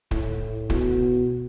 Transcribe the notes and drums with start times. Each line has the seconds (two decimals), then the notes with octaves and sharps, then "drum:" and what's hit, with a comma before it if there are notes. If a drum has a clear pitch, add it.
0.11 A2, drum: kick
0.70 B2, drum: kick